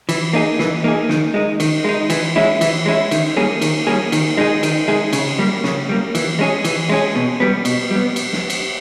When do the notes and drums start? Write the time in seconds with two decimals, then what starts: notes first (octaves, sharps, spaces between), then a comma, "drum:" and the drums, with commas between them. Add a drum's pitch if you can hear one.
0.09 E3, drum: cymbal
0.33 A#3 D#4 G#4
0.59 E3, drum: snare
0.84 A#3 D#4 G#4
1.09 D#3, drum: snare
1.34 G#3 D#4
1.60 D#3, drum: cymbal
1.84 G#3 D#4
2.10 E3, drum: cymbal
2.36 G#3 C#4 E4
2.61 E3, drum: cymbal
2.86 G#3 C#4 E4
3.11 D#3, drum: cymbal
3.36 G3 A#3 C#4 G#4
3.61 D#3, drum: cymbal
3.87 G3 A#3 C#4 G#4
4.12 D#3, drum: cymbal
4.37 G#3 D#4 G#4
4.63 D#3, drum: cymbal
4.88 G#3 D#4 G#4
5.13 C#3, drum: cymbal
5.39 G3 A#3
5.64 C#3, drum: snare
5.89 G3 A#3
6.15 E3, drum: cymbal
6.39 G#3 C#4 G#4
6.64 E3, drum: cymbal
6.89 G#3 C#4 G#4
7.15 B2
7.40 G3 B3
7.65 B2, drum: cymbal
7.91 G3 B3
8.16 drum: cymbal
8.33 drum: snare
8.50 drum: cymbal